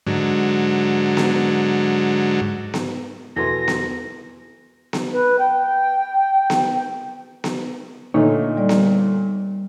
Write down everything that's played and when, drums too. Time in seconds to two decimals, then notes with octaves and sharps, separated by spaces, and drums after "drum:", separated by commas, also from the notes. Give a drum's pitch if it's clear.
0.07 G#2 D3 F#3
1.17 drum: snare B3
2.74 drum: snare B3
3.36 E2 B2 E3 A4 C6 A#6
3.68 drum: snare B3
4.93 drum: snare B3
5.12 B4
5.39 G5
6.50 drum: snare B3
7.44 drum: snare B3
8.14 A#2 D3 A3 D#4 C#5
8.57 G3 D5
8.69 drum: snare B3